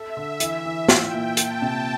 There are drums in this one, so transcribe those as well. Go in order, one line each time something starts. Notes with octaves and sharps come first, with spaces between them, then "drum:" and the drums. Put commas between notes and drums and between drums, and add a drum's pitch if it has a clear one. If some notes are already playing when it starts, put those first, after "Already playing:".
Already playing: A4 E5
D3
E3, drum: hi-hat
E3
F4 G5, drum: snare
A#2
F4 A5, drum: hi-hat
C3